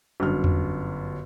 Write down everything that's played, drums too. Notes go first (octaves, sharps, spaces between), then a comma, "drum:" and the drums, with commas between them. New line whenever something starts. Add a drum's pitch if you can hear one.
G1 F#2 F6
drum: tom E2